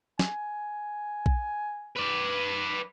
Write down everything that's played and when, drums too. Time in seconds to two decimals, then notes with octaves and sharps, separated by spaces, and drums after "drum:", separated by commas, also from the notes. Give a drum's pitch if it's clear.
0.19 G#5, drum: snare
1.26 drum: kick
1.96 B4 D5